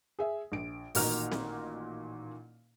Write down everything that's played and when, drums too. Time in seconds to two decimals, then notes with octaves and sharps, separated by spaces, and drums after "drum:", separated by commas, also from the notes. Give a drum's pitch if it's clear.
0.19 G#4 E5
0.52 A#1 D7
0.95 A1 A#2 D#3 F#4 A#5 F6, drum: open hi-hat
1.32 drum: snare C4